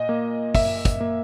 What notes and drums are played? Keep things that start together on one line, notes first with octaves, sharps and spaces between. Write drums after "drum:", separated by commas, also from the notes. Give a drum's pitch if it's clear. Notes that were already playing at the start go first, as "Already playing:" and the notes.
Already playing: A#2 D#5
A#3
A#3 E5, drum: kick, open hi-hat
drum: kick, hi-hat
A#3